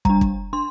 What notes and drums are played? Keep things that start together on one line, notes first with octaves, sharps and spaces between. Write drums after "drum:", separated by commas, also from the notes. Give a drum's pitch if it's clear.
G3 D4 A#5, drum: kick
drum: kick
D4 C6